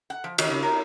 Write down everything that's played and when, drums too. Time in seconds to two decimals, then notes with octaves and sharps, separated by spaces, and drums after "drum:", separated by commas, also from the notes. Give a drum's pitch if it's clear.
0.10 F#5
0.24 F3
0.38 D#3, drum: cymbal
0.50 C#3
0.63 A#4